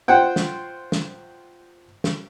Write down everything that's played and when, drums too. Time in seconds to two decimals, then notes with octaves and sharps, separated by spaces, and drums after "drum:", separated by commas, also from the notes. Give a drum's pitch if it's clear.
0.08 F4 C5 F#5 G5
0.36 drum: snare
0.92 drum: snare
2.04 drum: snare